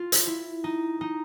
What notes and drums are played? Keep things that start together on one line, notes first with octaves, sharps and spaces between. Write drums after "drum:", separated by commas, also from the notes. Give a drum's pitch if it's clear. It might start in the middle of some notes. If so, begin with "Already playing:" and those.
Already playing: F4
drum: hi-hat
E4
D#4
D#4